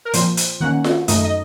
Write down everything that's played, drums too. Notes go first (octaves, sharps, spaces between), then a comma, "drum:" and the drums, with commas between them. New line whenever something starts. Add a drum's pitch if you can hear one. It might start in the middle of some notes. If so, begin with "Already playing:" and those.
A#4
A#2 F3 C4 C5, drum: hi-hat
drum: hi-hat
D#3 A#3 C#4 F#5
drum: snare F4
F#2 D#3 A3 D#4 D#5, drum: hi-hat
D#5